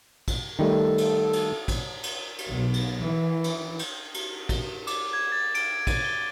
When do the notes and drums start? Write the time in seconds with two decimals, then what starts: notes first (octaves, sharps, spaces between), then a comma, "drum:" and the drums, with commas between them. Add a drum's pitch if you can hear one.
0.28 drum: kick, cymbal
0.59 D#3 G3 A3 A4
0.98 drum: cymbal
1.33 drum: cymbal
1.68 drum: kick, cymbal
2.03 drum: cymbal
2.38 drum: cymbal
2.49 B1
2.74 drum: cymbal
3.04 E3
3.44 drum: cymbal
3.79 drum: cymbal
4.14 drum: cymbal
4.49 drum: kick, cymbal
4.87 D6, drum: cymbal
5.13 G#6
5.32 A6
5.55 D7, drum: cymbal
5.87 D#7, drum: kick, cymbal
6.05 G7